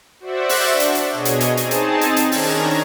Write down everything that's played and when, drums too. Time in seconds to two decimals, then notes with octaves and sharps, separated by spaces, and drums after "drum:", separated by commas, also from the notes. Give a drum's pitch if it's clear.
0.20 F#4 C5 D5 E5 F#5
0.49 drum: open hi-hat
0.71 D4
0.80 drum: hi-hat
0.95 drum: hi-hat
1.12 B2 G#4 C#5 D#5 G#6
1.25 drum: hi-hat
1.41 drum: hi-hat
1.57 C4 D#4 G#4 A5, drum: hi-hat
1.71 drum: hi-hat
2.01 drum: hi-hat
2.16 drum: hi-hat
2.32 D#3 C#4 D4 A#5 G#6, drum: open hi-hat